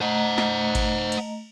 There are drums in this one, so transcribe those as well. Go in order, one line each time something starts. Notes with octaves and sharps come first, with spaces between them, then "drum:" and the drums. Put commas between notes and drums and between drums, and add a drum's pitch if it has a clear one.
A3 C5 D#5 F#5 A#5
drum: snare
drum: kick G#1, cymbal
drum: cymbal